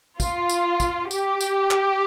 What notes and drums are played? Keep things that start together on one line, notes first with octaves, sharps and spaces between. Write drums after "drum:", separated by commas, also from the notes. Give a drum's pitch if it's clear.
F4, drum: kick, tambourine
drum: tambourine
drum: kick, tambourine
G4, drum: tambourine
drum: tambourine
drum: clap